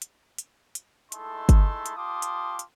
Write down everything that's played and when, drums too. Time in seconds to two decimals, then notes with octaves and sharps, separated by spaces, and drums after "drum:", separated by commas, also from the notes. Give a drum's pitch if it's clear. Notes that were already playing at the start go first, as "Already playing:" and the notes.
0.02 drum: hi-hat
0.38 drum: hi-hat
0.75 drum: hi-hat
1.12 G#3 A3 D#4 E4 A4 C6, drum: hi-hat
1.49 drum: kick G1, hi-hat
1.86 drum: hi-hat
1.96 F4 G4 A5 C6 D6 D#6
2.22 drum: hi-hat
2.59 drum: hi-hat